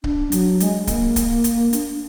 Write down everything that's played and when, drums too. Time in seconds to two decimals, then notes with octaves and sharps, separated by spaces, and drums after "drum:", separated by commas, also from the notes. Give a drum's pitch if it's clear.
0.04 D4, drum: kick C#1
0.32 F#3, drum: hi-hat
0.60 G#3, drum: hi-hat
0.87 A#3, drum: kick C#1, hi-hat
1.16 drum: kick C#1, hi-hat
1.44 drum: hi-hat
1.73 D4, drum: hi-hat